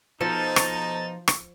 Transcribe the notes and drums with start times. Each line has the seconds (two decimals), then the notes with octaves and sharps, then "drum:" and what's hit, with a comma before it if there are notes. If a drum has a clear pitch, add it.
0.21 B2 F3 D#4 A4 A6
0.56 drum: rim click
1.28 drum: rim click